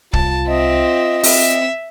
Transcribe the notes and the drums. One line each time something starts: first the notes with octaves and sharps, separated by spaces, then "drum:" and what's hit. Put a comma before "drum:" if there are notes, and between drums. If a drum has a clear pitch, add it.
C2 F4 A5, drum: kick
C4 D#5 E5
C4 E5, drum: open hi-hat